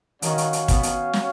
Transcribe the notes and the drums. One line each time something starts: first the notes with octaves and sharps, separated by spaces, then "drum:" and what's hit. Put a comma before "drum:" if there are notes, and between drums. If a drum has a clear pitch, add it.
D#3 C#4 F#4 C#5 F5, drum: hi-hat
drum: hi-hat
drum: hi-hat
B3, drum: kick, hi-hat
drum: hi-hat
drum: snare